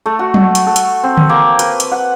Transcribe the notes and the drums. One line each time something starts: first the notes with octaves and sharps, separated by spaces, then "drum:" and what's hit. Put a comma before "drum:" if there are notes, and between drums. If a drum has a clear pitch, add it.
A3
F#4
drum: tom F#3
drum: hi-hat
A4
drum: hi-hat
C4
drum: tom D3
A#3
B4, drum: hi-hat
drum: hi-hat
F#5